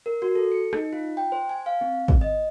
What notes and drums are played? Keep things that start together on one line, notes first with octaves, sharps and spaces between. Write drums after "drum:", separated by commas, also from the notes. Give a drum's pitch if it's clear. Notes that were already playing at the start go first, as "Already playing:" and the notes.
A#4
F#4
A4
C#7
D#4, drum: rim click
F4
G5
C5
G#5
F5
C4
drum: kick
D#5